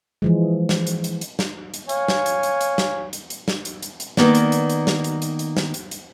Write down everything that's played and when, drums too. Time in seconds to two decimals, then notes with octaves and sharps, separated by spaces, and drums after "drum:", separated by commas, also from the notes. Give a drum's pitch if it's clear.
0.22 E3 F3 G#3
0.69 drum: snare
0.87 drum: hi-hat
1.04 drum: hi-hat
1.21 drum: hi-hat
1.39 drum: snare
1.74 drum: hi-hat
1.89 C#5 F5 G#5, drum: hi-hat
2.08 drum: snare
2.26 drum: hi-hat
2.43 drum: hi-hat
2.61 drum: hi-hat
2.78 drum: snare
3.13 drum: hi-hat
3.30 drum: hi-hat
3.48 drum: snare
3.65 drum: hi-hat
3.83 drum: hi-hat
4.00 drum: hi-hat
4.17 D#3 A#3 B3 D5, drum: snare
4.35 drum: hi-hat
4.52 drum: hi-hat
4.70 drum: hi-hat
4.87 drum: snare
5.04 drum: hi-hat
5.22 drum: hi-hat
5.39 drum: hi-hat
5.57 drum: snare
5.74 drum: hi-hat
5.91 drum: hi-hat